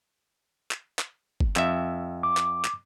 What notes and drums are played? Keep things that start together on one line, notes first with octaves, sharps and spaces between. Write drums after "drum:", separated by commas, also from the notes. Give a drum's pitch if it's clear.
drum: clap
drum: clap
drum: kick
F2 E5, drum: clap
D6
drum: clap
drum: clap